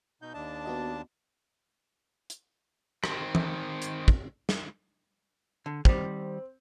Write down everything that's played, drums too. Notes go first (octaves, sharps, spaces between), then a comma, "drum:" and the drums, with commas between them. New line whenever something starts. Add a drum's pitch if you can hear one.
B2 D#4 G6
D#2 D4 D#5 A5
B3 F#4 D#5
drum: hi-hat
D#3 C4, drum: rim click
drum: tom E3
drum: hi-hat
drum: kick
drum: snare
D3
D#3 G3 C4, drum: kick